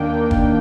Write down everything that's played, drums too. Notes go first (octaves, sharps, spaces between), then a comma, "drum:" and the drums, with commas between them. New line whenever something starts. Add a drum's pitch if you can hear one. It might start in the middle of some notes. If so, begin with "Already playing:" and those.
Already playing: D#2 D#3 A#3 D4 G5
drum: kick